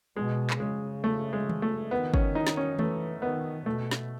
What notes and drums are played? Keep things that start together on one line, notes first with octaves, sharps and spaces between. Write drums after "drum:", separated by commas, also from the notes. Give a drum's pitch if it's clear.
B2 G#3
drum: clap
C#3 G#3
A3
G#3
drum: tom D#3
A3
D#3 B3
C#4, drum: kick
D#4
drum: snare
C#4
E3 A3, drum: tom D#3
D#3 B3
B2 A3
drum: snare